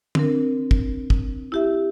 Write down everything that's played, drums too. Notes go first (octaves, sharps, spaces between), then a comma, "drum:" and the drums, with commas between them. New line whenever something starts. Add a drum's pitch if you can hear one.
C4 D4 A#4, drum: tom
drum: kick
drum: kick
E4 G4 E5